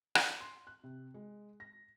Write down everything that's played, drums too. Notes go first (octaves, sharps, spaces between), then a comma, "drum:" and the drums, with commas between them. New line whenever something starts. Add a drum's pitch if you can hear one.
D5, drum: rim click
C6
F#6
C3
G#3
A#6